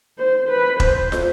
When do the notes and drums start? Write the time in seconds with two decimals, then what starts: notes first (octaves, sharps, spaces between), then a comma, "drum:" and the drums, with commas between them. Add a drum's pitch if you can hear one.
0.18 C5
0.49 B4
0.80 C5, drum: kick E1
1.12 drum: snare